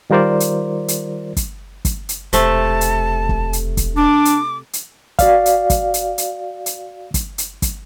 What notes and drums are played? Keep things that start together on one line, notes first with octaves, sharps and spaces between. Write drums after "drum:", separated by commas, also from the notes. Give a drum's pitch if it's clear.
D#3 G3 F4 A#4 C5 D5
drum: hi-hat
drum: hi-hat
drum: kick G1, hi-hat
drum: kick G1, hi-hat
drum: hi-hat
E1 C3 A3 A5, drum: hi-hat
drum: hi-hat
drum: kick G1
drum: hi-hat
drum: kick G1, hi-hat
D4 D6
drum: hi-hat
drum: hi-hat
F#4 D5 F5, drum: kick G1, hi-hat
drum: hi-hat
drum: kick G1, hi-hat
drum: hi-hat
drum: hi-hat
drum: hi-hat
drum: kick G1, hi-hat
drum: hi-hat
drum: kick G1, hi-hat